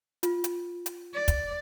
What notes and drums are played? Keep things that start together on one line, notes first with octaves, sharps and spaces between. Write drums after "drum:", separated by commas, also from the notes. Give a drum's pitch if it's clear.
F4, drum: hi-hat
drum: hi-hat
drum: hi-hat
D5
drum: kick, hi-hat